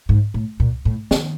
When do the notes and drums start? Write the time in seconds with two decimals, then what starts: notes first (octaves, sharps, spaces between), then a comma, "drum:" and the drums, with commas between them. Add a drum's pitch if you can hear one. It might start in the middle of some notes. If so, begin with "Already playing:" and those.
0.09 G#2
0.34 A2
0.60 A#2, drum: kick C#2
0.85 A2
1.11 D#3, drum: snare